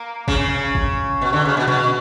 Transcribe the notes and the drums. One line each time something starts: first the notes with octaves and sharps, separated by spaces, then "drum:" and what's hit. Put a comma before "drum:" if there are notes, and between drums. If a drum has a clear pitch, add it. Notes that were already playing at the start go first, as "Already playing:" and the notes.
Already playing: A#3
C#3, drum: kick
drum: tom B2
drum: kick
B2
D3
C#3
B2
B2, drum: tom B2